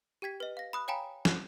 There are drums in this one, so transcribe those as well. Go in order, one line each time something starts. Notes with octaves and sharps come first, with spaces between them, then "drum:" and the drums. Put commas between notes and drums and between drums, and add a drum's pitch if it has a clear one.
G4 G5 G#6 B6
B4 D#5
F5 A#6
B5 D#6 F#6
C#5 F5 G5 G#5 A#5 B5
F#6 C7, drum: snare